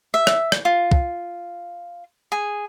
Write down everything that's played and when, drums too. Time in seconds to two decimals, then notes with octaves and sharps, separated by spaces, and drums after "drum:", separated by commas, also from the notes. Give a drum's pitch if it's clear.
0.14 E5
0.27 drum: rim click
0.52 drum: rim click
0.65 F4
0.92 drum: kick
2.32 G#4